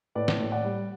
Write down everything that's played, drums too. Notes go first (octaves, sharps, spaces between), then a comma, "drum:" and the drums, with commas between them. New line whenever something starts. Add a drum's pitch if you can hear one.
A2 B4 D5
drum: snare
A2
D5 F#5
G3